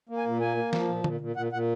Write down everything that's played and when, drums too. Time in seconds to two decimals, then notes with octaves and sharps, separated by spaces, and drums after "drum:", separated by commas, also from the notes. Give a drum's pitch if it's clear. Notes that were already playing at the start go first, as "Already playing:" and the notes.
0.09 A#3
0.17 G#5
0.26 A#2
0.41 A#3 G#5
0.57 A#3
0.73 F3, drum: snare
0.89 A#2
1.04 A#2, drum: tom D3
1.20 A#2
1.36 A#2 F#5
1.52 A#2 F#5